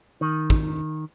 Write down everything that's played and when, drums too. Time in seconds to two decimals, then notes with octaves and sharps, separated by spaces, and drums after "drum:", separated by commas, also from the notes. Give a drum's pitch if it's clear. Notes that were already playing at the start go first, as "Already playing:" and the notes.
0.21 D#3
0.50 drum: kick